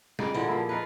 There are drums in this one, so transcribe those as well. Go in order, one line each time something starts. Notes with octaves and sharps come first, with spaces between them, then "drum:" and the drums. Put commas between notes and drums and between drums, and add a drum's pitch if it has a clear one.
G3 D#4 G#4 D5, drum: snare
A#2 D3 E3, drum: tambourine
F3 A#3 E4
D#4 F4 A#4 B4